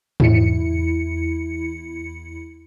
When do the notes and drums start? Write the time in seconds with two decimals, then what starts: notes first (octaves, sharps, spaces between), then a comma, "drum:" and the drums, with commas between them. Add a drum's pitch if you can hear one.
0.20 E2 E4 C#7, drum: tom G#2